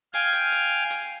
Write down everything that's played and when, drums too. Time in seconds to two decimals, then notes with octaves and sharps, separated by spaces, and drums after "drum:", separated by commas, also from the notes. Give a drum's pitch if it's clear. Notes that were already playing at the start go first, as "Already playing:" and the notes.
0.14 F5 G5 G#5, drum: hi-hat
0.33 drum: hi-hat
0.52 drum: hi-hat
0.90 drum: hi-hat